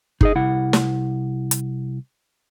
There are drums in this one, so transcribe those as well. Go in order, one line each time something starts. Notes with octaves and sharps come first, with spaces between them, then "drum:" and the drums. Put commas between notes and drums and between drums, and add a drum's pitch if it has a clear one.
D#4 G#4 D#5, drum: kick G1
C2 E4 F#5
drum: snare
drum: hi-hat